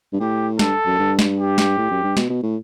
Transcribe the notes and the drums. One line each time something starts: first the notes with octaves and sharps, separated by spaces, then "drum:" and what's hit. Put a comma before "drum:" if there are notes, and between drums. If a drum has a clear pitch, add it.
G2
A2 G4
G2 A4, drum: snare
F#2
G2
drum: snare
G4
drum: snare
A2
F#2
G2
B2, drum: snare
B2
A2